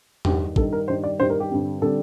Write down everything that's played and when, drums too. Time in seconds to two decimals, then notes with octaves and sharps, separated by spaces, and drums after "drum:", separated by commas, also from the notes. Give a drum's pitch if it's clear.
0.25 G2 D#3 G3 G4, drum: tom E2
0.56 G2 D#3 G3 A4, drum: kick
0.73 A#4
0.88 G2 D#3 G3 C5
1.04 D5
1.19 G2 D#3 G3 C5
1.30 A#4
1.40 G4
1.51 G2 D3 G3 C4
1.82 D3 G3 C4 A4